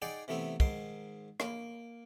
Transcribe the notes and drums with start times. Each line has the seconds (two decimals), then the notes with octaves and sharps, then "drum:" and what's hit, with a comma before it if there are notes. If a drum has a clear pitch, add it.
0.02 D#4 G#4 D5 F#5 G5
0.28 C3 E3 A3 B3 C4
0.60 G#2 D#3 C6, drum: kick
1.40 A#3, drum: rim click